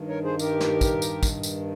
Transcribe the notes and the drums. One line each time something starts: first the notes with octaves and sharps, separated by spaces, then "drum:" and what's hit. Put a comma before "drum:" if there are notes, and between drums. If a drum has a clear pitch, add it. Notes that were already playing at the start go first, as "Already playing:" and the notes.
Already playing: G2 D#3
A#4 C#5
G#4 C5
G4 A#4, drum: tambourine
drum: snare
drum: kick, tambourine
drum: tambourine
drum: kick, tambourine
drum: tambourine